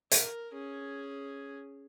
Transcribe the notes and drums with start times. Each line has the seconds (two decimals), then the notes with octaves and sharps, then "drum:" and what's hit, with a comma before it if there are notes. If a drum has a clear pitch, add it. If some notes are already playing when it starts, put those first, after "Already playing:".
0.11 A#4, drum: hi-hat
0.53 C#4 G#4